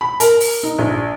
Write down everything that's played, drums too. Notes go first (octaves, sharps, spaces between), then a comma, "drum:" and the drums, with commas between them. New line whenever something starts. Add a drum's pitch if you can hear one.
B5
A#4, drum: hi-hat
drum: open hi-hat
D#4
A#1